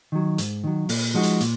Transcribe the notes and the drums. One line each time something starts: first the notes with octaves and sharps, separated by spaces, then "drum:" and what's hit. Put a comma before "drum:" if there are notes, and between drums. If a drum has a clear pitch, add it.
D#3 F#3
G#2, drum: hi-hat
D#3 F#3
A#2, drum: open hi-hat
F3 G#3 D#4 F#4
drum: hi-hat
A#2, drum: hi-hat